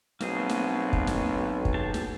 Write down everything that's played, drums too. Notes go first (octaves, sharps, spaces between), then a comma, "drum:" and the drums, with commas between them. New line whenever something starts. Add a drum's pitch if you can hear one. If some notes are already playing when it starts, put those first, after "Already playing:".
B1 A#3 C4 G#4, drum: snare
drum: snare
drum: kick
drum: snare
drum: kick
G4 G#4 A5
drum: snare